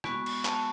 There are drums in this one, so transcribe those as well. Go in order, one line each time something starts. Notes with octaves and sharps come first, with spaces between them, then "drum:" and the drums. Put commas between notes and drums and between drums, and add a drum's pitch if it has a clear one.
G#3 B3 F#4 C#6, drum: rim click
drum: cymbal
A5, drum: clap